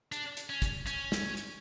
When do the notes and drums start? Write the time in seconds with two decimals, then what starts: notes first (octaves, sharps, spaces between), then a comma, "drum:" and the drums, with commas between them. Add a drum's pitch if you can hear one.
0.12 D4, drum: hi-hat
0.37 drum: hi-hat
0.50 C#4
0.62 drum: kick, hi-hat
0.87 C#4, drum: hi-hat
1.12 drum: snare
1.37 drum: hi-hat